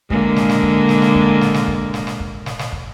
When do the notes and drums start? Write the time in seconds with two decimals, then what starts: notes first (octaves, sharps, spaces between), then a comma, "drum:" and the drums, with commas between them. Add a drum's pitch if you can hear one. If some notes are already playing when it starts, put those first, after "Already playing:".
0.10 D3 G#3 A#3, drum: kick
0.36 drum: snare
0.49 drum: snare
0.63 drum: kick
0.89 drum: snare
1.02 drum: snare
1.15 drum: kick
1.41 drum: snare
1.54 drum: snare
1.67 drum: kick
1.94 drum: snare
2.07 drum: snare
2.20 drum: kick
2.46 drum: snare
2.59 drum: snare
2.72 drum: kick